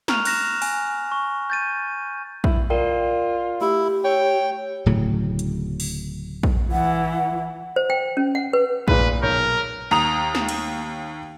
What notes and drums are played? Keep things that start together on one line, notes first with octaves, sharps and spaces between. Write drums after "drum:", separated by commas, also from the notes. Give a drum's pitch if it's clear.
A#5 C#6 F6 F#6 F7, drum: snare
F#6 A#6 E7, drum: cymbal
G#5, drum: open hi-hat
C#6
G6 A6 D#7
E4, drum: kick A#1
F4 A#4 D5 G5
A3 E4 G4
C#5 G5
D1 A2 C#3 F#3
drum: hi-hat
drum: open hi-hat
drum: kick A#1
E3 F#5
C5
G5
C#4
F#5
B4
A#2 G#3 B4, drum: kick A#1
B1 A#4 C#5 G6
D#2 A#5 D#6 F7
drum: snare
drum: cymbal